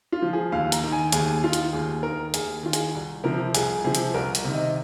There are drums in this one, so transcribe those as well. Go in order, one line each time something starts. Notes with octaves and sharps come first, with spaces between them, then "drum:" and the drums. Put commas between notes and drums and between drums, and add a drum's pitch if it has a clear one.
F4
F3
G#4
D#2 F5
A#5, drum: hi-hat
D#3
G#5
D#2 G#4, drum: hi-hat
D#3 F4
drum: hi-hat
D#2 G#4
D#3 A#4
D#2 G#4, drum: hi-hat
D#3 F4
G#4, drum: hi-hat
C2
C3 F3 A#4
C2 G#4, drum: hi-hat
C3 F3 G#4
drum: hi-hat
C2 A#4
drum: hi-hat
C3 D#3
D#5